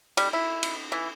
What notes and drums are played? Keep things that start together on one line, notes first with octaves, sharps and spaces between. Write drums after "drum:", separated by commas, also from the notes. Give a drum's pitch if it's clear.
G3, drum: cymbal
E4
drum: cymbal
E3